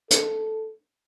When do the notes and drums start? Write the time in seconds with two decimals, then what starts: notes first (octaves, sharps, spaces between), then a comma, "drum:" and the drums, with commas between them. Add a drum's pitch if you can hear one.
0.11 A4, drum: hi-hat